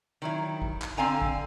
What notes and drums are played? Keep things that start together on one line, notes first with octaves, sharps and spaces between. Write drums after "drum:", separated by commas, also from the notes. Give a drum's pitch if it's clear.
D#3 F#3 E4
drum: kick G#1
drum: clap
D3 C4 F5 G#5 A#5
drum: kick G#1